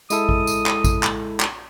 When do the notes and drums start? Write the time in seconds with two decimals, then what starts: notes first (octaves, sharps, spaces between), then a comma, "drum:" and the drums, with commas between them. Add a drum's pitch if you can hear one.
0.10 G#3 E4 A4 D#6, drum: tambourine
0.29 drum: kick A1
0.47 drum: tambourine
0.66 drum: clap
0.84 drum: kick A1, tambourine
1.03 drum: clap
1.40 drum: clap